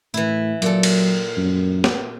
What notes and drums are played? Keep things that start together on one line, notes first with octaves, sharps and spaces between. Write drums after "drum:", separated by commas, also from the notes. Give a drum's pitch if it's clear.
A2 E3 E4
A#2 F#3 A4, drum: hi-hat
drum: cymbal
F#2
drum: snare